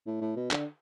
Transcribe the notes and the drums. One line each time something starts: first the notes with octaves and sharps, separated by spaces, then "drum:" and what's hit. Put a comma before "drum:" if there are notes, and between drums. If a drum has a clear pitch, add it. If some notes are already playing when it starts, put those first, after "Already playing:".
A2
A2
B2
D3, drum: clap